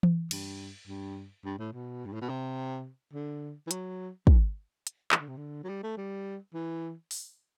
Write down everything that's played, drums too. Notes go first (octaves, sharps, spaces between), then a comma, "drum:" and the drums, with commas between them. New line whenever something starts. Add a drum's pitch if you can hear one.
drum: tom E3
G2, drum: cymbal
G2
G2
A2
B2
G2
A2
B2
C3
D3
E3
F#3, drum: hi-hat
E3, drum: kick
drum: hi-hat
E3, drum: clap
D3
C3
D3
F#3
G3
A3
G3
E3
drum: open hi-hat